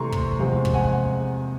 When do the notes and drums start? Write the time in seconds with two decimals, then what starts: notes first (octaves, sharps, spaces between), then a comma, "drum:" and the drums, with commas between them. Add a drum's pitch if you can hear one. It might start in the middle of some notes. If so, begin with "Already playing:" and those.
Already playing: C3 E3 A3 A#5 C6 C#6
0.12 drum: kick
0.39 E2 C3 F3 G#3 C4
0.65 drum: kick
0.74 F#5 G#5